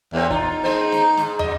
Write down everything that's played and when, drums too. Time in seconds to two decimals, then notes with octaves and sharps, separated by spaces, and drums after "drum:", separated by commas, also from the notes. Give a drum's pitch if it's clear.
0.13 E2 A3 C4 C#4
0.30 D#4 F4, drum: kick
0.64 G#3 A#3 C5
0.92 drum: snare
1.17 G#2, drum: snare
1.39 F2 D#5, drum: tom